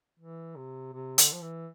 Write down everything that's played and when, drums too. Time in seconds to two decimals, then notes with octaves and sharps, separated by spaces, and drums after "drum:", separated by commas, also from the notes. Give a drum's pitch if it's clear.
0.19 E3
0.56 C3
0.93 C3
1.18 D3, drum: hi-hat
1.32 F3
1.42 E3